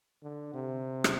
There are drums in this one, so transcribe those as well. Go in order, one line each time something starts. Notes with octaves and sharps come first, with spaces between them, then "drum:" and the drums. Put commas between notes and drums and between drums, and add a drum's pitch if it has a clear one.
D3
C3
drum: rim click